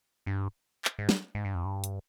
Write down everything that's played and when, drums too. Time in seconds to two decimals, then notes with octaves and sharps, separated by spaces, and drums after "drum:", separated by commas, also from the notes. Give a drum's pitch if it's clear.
0.26 G2
0.85 drum: clap
0.99 G#2
1.09 drum: snare
1.35 G#2
1.45 G2
1.55 F2
1.65 G2
1.84 drum: hi-hat